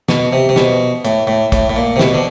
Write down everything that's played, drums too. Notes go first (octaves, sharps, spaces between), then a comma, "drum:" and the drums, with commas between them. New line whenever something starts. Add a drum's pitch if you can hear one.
B2, drum: snare
C3
C3
B2, drum: snare
A2, drum: hi-hat
A2
A2, drum: kick, hi-hat
A2
A#2
C3
B2, drum: snare
D3